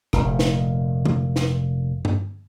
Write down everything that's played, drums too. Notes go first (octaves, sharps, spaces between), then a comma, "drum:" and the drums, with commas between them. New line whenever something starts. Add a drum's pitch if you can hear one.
F1 A#2, drum: rim click
drum: snare
drum: tom C3
drum: snare
drum: tom